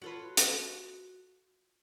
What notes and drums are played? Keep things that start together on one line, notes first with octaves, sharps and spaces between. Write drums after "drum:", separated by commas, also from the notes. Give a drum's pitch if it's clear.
F4 F#4 A4 B4 C#5 F#5
drum: hi-hat